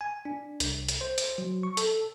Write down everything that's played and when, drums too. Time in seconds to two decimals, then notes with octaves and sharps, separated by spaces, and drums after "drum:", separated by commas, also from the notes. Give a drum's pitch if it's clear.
0.01 G#5
0.25 D4
0.60 C2, drum: hi-hat
0.88 drum: hi-hat
1.01 C5
1.18 drum: hi-hat
1.38 F#3
1.63 C#6
1.77 A4, drum: hi-hat